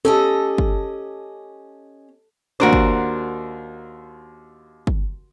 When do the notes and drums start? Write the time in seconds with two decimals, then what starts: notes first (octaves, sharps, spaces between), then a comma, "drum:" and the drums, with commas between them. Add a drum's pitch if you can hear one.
0.05 C#4 G4 A4 D#5
0.58 drum: kick G1
2.60 D#2 D4 F#4 A#4 C5
2.73 drum: kick G1
4.87 drum: kick G1